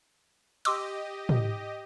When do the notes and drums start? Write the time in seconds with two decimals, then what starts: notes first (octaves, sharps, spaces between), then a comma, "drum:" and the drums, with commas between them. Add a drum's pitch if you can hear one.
0.65 G4 D#5 C6 D6 E6, drum: cymbal
1.29 drum: tom